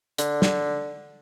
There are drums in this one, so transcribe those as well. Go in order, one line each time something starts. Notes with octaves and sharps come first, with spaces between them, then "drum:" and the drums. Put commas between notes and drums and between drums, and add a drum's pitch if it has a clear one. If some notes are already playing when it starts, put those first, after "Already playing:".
D3, drum: hi-hat
drum: snare